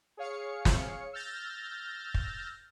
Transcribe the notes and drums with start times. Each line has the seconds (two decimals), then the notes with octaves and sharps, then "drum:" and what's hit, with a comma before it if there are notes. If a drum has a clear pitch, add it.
0.17 G#4 C#5 F5 C#7
0.65 drum: snare
1.13 E6 F6 G6 A6 A#6
2.14 drum: kick